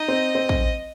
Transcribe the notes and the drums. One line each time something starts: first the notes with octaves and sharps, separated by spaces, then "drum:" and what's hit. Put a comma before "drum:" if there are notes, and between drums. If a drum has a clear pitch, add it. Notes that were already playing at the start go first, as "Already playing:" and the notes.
Already playing: D#4 D#5
C4
C4
drum: kick